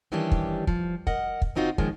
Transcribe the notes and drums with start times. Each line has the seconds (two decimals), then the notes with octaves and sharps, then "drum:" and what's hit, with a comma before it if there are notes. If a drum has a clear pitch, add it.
0.12 D#3 E3 G3 C#4 D4 G4
0.31 drum: kick
0.67 F3, drum: kick
1.07 A#4 D#5 F#5, drum: kick
1.42 drum: kick
1.55 C#3 C4 D#4 F4 F#4
1.78 D#3 F3 G#3 A#3 C#4, drum: kick